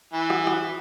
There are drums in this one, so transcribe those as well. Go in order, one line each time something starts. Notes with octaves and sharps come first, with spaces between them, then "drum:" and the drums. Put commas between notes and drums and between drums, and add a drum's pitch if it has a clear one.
E3
drum: rim click
drum: rim click